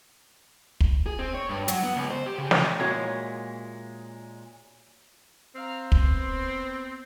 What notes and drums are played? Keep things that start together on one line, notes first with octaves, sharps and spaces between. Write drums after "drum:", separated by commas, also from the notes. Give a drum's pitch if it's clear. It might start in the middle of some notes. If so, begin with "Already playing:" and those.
drum: kick
G#4
C4
C#5
G2
F#3, drum: hi-hat
B3
C#2
C5
G4
C#3
C3, drum: snare
A#2 G#3 E4 F#4 C#5
C4 F5 A#5
B3 C5, drum: kick